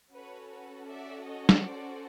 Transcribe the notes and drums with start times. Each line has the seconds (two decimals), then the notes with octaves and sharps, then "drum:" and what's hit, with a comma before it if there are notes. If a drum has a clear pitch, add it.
0.14 C#4 F#4 A4 B4 C#5
0.51 B4
0.89 D5 E5
1.26 C#5 D#5
1.49 drum: snare
1.64 C5 D5